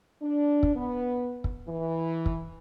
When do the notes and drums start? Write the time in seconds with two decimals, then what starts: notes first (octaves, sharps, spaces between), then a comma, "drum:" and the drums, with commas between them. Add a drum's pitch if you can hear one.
0.22 D4
0.63 drum: kick
0.76 B3
1.44 drum: kick
1.68 E3
2.26 drum: kick